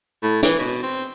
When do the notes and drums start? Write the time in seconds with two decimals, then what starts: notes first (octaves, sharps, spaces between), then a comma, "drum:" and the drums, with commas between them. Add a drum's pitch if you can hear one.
0.23 A2
0.43 E3, drum: hi-hat
0.59 B2
0.83 C4